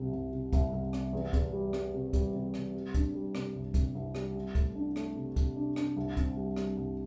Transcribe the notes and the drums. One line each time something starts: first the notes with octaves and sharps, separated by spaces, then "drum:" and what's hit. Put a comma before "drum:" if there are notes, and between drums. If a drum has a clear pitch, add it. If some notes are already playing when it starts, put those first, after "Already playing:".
Already playing: C2 C3
C2
C3
C2, drum: kick, hi-hat
C2
C3, drum: rim click
E2
E2, drum: kick, hi-hat
G3
G3, drum: rim click
C3
G3, drum: kick, hi-hat
C3
C3, drum: rim click
G3
D4, drum: kick, hi-hat
G3
C3, drum: rim click
C2
C2, drum: kick, hi-hat
C2
G3, drum: rim click
C3
A3, drum: kick, hi-hat
D4
A3, drum: rim click
C3
C3, drum: kick, hi-hat
D4
D4, drum: rim click
C2
C4, drum: kick, hi-hat
G3
G3, drum: rim click
C2